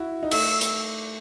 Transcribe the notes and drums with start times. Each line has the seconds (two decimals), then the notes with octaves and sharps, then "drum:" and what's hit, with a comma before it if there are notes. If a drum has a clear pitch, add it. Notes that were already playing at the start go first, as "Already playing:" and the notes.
Already playing: E4 F#4
0.23 D#4
0.31 A3 E6, drum: cymbal
0.61 drum: hi-hat